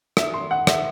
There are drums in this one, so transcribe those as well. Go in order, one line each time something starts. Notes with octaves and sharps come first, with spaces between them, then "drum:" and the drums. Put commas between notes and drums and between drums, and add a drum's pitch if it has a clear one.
E5, drum: rim click
C6
F#5
E5, drum: rim click